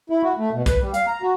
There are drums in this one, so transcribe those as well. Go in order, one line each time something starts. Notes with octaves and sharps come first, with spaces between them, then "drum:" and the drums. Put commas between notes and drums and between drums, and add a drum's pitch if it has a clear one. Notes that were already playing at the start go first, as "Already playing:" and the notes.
E4
F#4
A3
B2
B4, drum: kick, hi-hat
G3
F5, drum: hi-hat
A#5
F#4